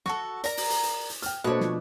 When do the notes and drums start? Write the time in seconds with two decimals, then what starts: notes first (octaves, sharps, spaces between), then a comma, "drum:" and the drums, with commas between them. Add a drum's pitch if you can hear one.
0.06 F#4 A4 C#6, drum: snare
0.44 A#4 D5 A#5, drum: hi-hat
0.57 drum: open hi-hat
0.70 drum: hi-hat
0.83 drum: hi-hat
1.09 drum: hi-hat
1.22 G5 F6, drum: hi-hat
1.44 B2 A3 A#3 D4 A4 C5 C#5 F#6
1.60 F3, drum: snare